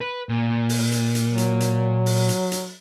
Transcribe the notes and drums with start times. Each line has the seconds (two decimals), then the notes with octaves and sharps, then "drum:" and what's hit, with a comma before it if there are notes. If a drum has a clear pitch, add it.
0.01 B4
0.29 A#2
0.69 drum: open hi-hat
0.92 drum: hi-hat
1.15 drum: hi-hat
1.28 F#3
1.38 drum: hi-hat
1.60 drum: hi-hat
2.06 drum: open hi-hat
2.29 drum: hi-hat
2.52 drum: hi-hat